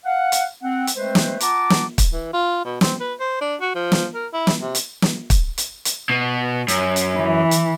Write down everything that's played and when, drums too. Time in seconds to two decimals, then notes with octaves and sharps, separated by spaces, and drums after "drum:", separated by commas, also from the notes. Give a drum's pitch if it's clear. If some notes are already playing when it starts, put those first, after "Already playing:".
0.06 F5 F#5
0.32 drum: hi-hat
0.64 C4 F#5
0.87 drum: hi-hat
0.97 G#3 A3 C4 B4 C5
1.15 drum: snare
1.40 F4 F#5 A5 A#5 D6, drum: hi-hat
1.70 drum: snare
1.98 drum: kick, hi-hat
2.12 E3
2.33 F4
2.65 B2
2.81 C4, drum: snare
3.00 B4
3.20 C5
3.41 D4
3.61 F#4
3.75 F3
3.92 drum: snare
4.15 A#4
4.33 E4
4.47 drum: snare
4.61 C3
4.75 drum: hi-hat
5.02 drum: snare
5.30 drum: kick, hi-hat
5.58 drum: hi-hat
5.85 drum: hi-hat
6.10 B2
6.68 F#2, drum: hi-hat
6.96 drum: hi-hat
7.17 E3
7.51 drum: hi-hat